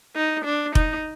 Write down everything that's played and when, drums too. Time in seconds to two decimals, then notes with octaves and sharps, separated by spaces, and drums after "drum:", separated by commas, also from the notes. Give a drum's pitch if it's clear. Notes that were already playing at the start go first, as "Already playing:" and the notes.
0.16 D#4
0.45 D4
0.75 D#4, drum: kick F1